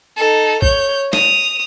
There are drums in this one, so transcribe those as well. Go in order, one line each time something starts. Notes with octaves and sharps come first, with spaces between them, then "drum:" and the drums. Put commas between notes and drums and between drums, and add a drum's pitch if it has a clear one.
D#4 A4
C#5 G6, drum: kick B1
D#6 F7, drum: snare